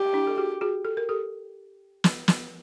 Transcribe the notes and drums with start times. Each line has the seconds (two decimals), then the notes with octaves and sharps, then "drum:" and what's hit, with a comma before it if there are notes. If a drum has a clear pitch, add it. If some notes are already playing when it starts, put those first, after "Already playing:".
Already playing: G4
0.14 D4 E4
0.27 A4
0.37 F#4 G#4
0.61 F#4 G#4
0.85 A4
0.97 A#4
1.09 G4 A4
2.04 drum: snare
2.28 drum: snare